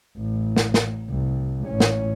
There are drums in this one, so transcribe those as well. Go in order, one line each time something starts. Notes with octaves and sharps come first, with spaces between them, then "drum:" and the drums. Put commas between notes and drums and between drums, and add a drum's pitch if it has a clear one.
A1
drum: snare
drum: snare
C2
A1 C#4
drum: snare